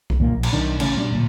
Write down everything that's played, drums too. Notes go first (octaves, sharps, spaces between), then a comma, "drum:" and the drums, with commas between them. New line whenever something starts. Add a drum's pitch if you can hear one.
drum: kick C2
D#2 A#2 A#3
A#1
drum: cymbal
B1 D#3 D4
A1 A2 C#3 C#4, drum: cymbal
B2 G3 D4
D1 A#2